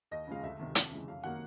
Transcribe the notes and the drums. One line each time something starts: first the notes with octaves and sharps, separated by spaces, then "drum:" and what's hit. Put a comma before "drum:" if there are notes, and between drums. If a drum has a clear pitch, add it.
D#2 D#5
C#3 F3 G#3 F5
D2 E5
C3 D#3
F2, drum: hi-hat
C#3 E3 G#3
F#2 F5
D#3 F#3 A#3 F#5